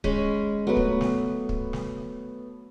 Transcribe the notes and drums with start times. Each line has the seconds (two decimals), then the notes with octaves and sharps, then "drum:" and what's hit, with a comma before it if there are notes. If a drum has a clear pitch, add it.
0.04 G#3 C#4 B5, drum: kick
0.67 F#3 A3 B3 B4
0.76 drum: kick
1.01 drum: snare
1.49 drum: kick
1.73 drum: snare